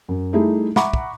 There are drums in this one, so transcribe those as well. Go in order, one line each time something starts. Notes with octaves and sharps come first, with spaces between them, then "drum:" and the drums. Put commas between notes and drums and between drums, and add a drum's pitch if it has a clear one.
F#2
G3 A3 D#4 E4 G4 G#4
E5 F#5 A#5 B5 C#6 D6, drum: snare
drum: kick